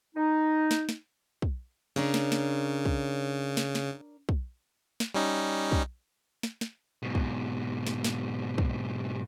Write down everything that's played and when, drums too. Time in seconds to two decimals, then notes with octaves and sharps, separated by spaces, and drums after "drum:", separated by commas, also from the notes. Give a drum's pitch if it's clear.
0.15 D#4
0.71 drum: snare
0.89 drum: snare
1.42 drum: kick
1.96 C#3 D4 A#4 C#5
2.14 drum: snare
2.32 drum: snare
2.86 drum: kick
3.57 drum: snare
3.75 drum: snare
4.29 drum: kick
5.00 drum: snare
5.14 G3 C#4 D#4
5.72 drum: kick
6.43 drum: snare
6.61 drum: snare
7.02 G#2 B2
7.15 drum: kick
7.87 drum: snare
8.04 drum: snare
8.58 drum: kick